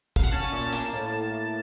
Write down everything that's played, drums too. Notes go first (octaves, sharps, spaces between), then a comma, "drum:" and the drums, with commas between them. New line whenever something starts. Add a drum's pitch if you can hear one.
F5, drum: kick
F#5
C#4 A5
A#2
A#3, drum: hi-hat
A2